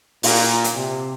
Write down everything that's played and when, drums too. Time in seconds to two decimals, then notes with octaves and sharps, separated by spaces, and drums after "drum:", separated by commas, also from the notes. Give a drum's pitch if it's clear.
0.23 A#2, drum: open hi-hat
0.64 drum: hi-hat
0.76 C3